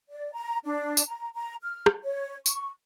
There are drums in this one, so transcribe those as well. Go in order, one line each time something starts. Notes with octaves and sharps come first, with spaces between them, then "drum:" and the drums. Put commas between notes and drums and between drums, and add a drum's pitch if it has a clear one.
D5
A#5
D4
drum: tambourine
A#5
A#5
F6
drum: rim click
C#5
C#6, drum: tambourine